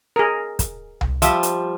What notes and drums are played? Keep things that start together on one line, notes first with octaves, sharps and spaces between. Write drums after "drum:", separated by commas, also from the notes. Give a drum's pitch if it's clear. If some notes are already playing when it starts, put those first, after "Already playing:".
G#4 A#4
drum: kick, hi-hat
drum: tom C2
F3 G3 E5, drum: hi-hat
drum: hi-hat